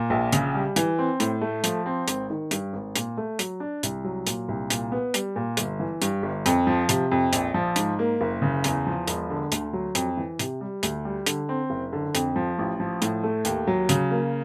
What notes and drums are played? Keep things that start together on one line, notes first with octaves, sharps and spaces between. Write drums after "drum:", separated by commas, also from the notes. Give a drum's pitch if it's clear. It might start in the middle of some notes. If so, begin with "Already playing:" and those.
Already playing: A#2
A#1
C#3, drum: hi-hat
G3
E3, drum: hi-hat
C4
A2, drum: hi-hat
A3
F3, drum: hi-hat
C4
G#1, drum: hi-hat
D#3
G2, drum: hi-hat
G#1
A#2, drum: hi-hat
A3
F#3, drum: hi-hat
D4
C2, drum: hi-hat
F#3
A#2, drum: hi-hat
C2
A#2, drum: hi-hat
B3
G3, drum: hi-hat
A#2
G1, drum: hi-hat
E3
G2, drum: hi-hat
G1
F2, drum: hi-hat
F3
C3, drum: hi-hat
F2
A#1, drum: hi-hat
F3
G#2, drum: hi-hat
A#3
F#1
C#3
E2, drum: hi-hat
F3
E1, drum: hi-hat
D3
D2, drum: hi-hat
F#3
F2, drum: hi-hat
E3
C3, drum: hi-hat
G3
D2, drum: hi-hat
G3
D3, drum: hi-hat
C4
F#1
D3
F2, drum: hi-hat
F3
A1
F3
A2, drum: hi-hat
A3
D#2, drum: hi-hat
F#3
C#3, drum: hi-hat
A#3